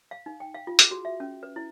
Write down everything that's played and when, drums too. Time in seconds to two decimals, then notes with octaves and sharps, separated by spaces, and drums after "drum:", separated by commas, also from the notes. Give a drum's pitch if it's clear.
0.11 F5
0.26 D#4
0.40 G5
0.55 F5
0.67 F4
0.79 G#4, drum: hi-hat
0.91 F#4
1.05 E5
1.20 C#4
1.43 B4
1.56 E4